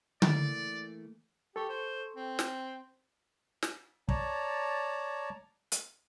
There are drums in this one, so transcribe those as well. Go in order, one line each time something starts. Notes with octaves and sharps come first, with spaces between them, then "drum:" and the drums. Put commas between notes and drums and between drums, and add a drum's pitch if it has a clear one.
E3 A3 A#3 D5, drum: tom D3
G4 A4 C#6
C5
C4
drum: snare
drum: snare
C#5 D5 A5 A#5, drum: kick
drum: hi-hat